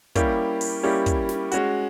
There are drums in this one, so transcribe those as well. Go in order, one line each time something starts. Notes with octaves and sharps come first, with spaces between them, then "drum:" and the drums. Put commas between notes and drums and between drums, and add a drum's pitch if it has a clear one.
G3 A#3 C#4 E4 G4, drum: kick, hi-hat
drum: open hi-hat
G3 A#3 C#4 E4 G4
drum: kick, hi-hat
drum: snare
G#3 C#4 F#4, drum: hi-hat